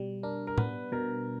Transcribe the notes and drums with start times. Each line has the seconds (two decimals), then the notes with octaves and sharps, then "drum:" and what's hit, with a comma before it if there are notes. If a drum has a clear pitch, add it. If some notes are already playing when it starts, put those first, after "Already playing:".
Already playing: B2 G3
0.23 D4 A#4
0.47 A#4
0.58 B3 B4, drum: tom
0.92 B2 A#4